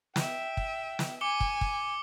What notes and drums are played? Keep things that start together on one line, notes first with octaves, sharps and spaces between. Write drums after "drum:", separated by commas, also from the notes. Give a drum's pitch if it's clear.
E5 G5, drum: snare
drum: kick
drum: snare
G#5 D6 C#7 G7
drum: kick
drum: kick